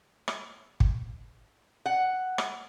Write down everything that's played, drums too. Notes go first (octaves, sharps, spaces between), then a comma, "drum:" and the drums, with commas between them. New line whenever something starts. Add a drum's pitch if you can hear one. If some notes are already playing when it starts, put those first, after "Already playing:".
drum: rim click
drum: kick
F#5
drum: rim click